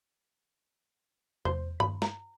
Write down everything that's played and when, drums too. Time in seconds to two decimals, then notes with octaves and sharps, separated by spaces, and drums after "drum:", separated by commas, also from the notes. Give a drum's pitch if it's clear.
1.45 C5, drum: tom E2
1.80 B5, drum: tom G2
2.02 A#5, drum: snare